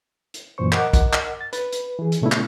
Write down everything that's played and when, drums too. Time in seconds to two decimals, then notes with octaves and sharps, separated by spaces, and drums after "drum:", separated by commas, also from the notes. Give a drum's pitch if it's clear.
0.34 drum: hi-hat
0.58 F#2 A#2 E3 C5 C#6
0.72 A#4 D#5 F#5 D6, drum: clap
0.93 drum: kick, hi-hat
1.13 drum: clap
1.41 A6
1.53 B4, drum: hi-hat
1.72 drum: hi-hat
1.99 E3 G#4
2.12 drum: hi-hat
2.22 A#2 C#3 A3 B3 D4 E4
2.32 drum: clap